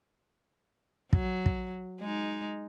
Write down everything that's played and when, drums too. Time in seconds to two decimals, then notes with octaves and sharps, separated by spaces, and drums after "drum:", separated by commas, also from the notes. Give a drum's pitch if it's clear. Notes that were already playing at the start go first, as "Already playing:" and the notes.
1.13 F#3, drum: kick
1.46 drum: kick
2.01 G#3 D#4